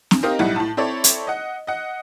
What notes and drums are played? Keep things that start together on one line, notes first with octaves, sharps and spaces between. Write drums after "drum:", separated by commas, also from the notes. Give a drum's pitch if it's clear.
drum: snare C4
C4 D#4 G4 A#4 D#5 F5
B1 A2 G3 E4 F#5
A2 A5
C4 E4 A4 C#5 D5
drum: hi-hat
D#5 F#5
D#5 F#5